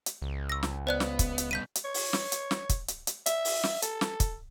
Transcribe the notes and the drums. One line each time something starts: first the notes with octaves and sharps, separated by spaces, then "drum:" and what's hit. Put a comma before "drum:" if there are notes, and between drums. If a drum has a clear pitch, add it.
drum: hi-hat
C#2
E6 A#6
drum: snare
B3 C5 D5 F#6
drum: snare
drum: kick, hi-hat
drum: hi-hat
G2 B2 G6 B6 D#7
drum: hi-hat
C#5
drum: open hi-hat
drum: snare
drum: hi-hat
drum: snare
drum: kick, hi-hat
drum: hi-hat
drum: hi-hat
E5, drum: hi-hat
drum: open hi-hat
drum: snare
A4, drum: hi-hat
drum: snare
drum: kick, hi-hat